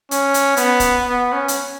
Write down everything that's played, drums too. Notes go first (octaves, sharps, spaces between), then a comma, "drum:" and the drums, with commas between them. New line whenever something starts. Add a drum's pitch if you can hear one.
C#4, drum: hi-hat
drum: hi-hat
B3, drum: hi-hat
drum: kick, hi-hat
B3
C#4
drum: hi-hat